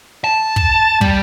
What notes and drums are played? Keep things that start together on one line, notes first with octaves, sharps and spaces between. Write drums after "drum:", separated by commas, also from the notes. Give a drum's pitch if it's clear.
A5
drum: kick
G3, drum: kick